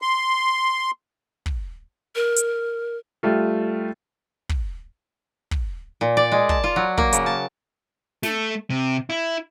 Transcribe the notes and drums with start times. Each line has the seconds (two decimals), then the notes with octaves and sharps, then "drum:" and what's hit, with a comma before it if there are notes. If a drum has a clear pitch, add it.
0.02 C6
1.46 drum: kick
2.15 A#4
2.36 drum: hi-hat
3.23 G3 A3 F4
4.49 drum: kick
5.51 drum: kick
6.01 A#2
6.17 D5
6.32 G#3
6.49 A5, drum: kick
6.64 F4
6.76 F#3
6.98 A#3, drum: kick
7.13 C#3, drum: hi-hat
7.26 A5
8.23 A3, drum: snare
8.70 C3
9.10 E4